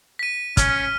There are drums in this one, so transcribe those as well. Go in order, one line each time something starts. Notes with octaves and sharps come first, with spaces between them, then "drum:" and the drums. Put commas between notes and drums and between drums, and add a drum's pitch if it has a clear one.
B6 D#7
C#4 F6, drum: kick, hi-hat